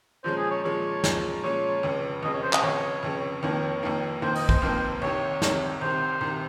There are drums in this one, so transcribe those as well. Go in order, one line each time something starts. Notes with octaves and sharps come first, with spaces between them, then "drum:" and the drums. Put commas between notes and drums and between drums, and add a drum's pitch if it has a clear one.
A#2 F3 G#3 C#4 C5
G#4
C#5
A#2 F3 G#3 C#4 C#5
A#2 F3 G#3 C#4, drum: snare
A#2 F3 G#3 C#4 C#5
F1 F2 C#3
F1 F2 C#3 D#5
C#5
C5
D#5, drum: clap
F1 F2 C#3 C#5
F1 F2 C#3
F1 F2 D#3 A#3 C#5
F1 F2 D#3 A#3
F1 F2 D#3 A#3 C5
D#5, drum: open hi-hat
C5, drum: kick
F1 F2 D#3 A#3
C2 C3 D#3 C#5
C2 C3 D#3, drum: snare
C2 C3 D#3 C5
C2 C3 D#3